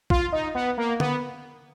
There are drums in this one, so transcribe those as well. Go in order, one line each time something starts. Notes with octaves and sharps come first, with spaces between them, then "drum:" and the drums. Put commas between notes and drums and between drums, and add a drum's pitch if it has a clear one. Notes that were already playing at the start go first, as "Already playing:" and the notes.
F4, drum: kick
D#4
B3
A#3
B3, drum: tom D3